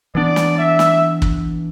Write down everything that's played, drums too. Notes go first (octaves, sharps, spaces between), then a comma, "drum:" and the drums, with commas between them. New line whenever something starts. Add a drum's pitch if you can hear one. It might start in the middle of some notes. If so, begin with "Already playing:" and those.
E3 B3 D4 D5
drum: snare
E5
drum: snare
drum: kick